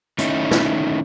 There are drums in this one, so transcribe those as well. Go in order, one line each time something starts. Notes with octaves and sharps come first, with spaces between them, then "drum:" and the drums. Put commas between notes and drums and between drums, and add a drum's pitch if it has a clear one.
D#3 A3 C#4 D#4 E4, drum: hi-hat
drum: snare